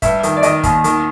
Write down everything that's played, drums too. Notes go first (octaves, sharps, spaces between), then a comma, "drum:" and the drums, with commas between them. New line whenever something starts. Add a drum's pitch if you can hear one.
G2 E5, drum: kick, hi-hat
D#3, drum: hi-hat
D5
D#3 D#5, drum: hi-hat
D#2, drum: kick, hi-hat
D#3, drum: hi-hat